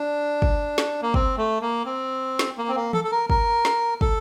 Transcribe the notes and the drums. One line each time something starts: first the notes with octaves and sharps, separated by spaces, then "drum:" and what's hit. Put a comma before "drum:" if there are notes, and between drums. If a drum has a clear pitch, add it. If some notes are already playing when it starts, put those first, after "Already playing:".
Already playing: D4
drum: kick
drum: snare
A#3
C4, drum: kick
A3
A#3
C4
drum: snare
A#3
C4
A#3
A4, drum: tom E3
A4
A#4
A#4, drum: kick
drum: snare
A4, drum: kick